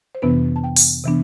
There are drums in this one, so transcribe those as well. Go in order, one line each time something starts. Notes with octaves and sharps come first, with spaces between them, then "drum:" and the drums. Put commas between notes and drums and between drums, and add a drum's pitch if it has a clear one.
C5
F2 C3 E3 B3 D4 B4
A5
G5
drum: open hi-hat
C3 E3 B3 D4